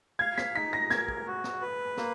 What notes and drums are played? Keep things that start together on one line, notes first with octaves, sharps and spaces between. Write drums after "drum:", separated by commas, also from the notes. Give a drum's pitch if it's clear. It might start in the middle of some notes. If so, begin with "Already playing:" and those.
F5 G#6
B6, drum: snare
D#4 B6
A#6
A#4 G#6, drum: snare
drum: kick
F#4
drum: snare
B4
A#3, drum: snare